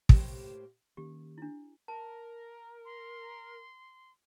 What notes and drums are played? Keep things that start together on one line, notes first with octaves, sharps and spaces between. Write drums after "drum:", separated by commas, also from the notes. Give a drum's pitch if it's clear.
A2 A#3 G4 C5, drum: kick
D#3 A#3 C#4 G4
D4 E4
A#4 A5
C6